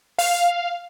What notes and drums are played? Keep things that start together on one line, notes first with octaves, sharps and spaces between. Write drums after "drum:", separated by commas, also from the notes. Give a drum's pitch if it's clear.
F5, drum: open hi-hat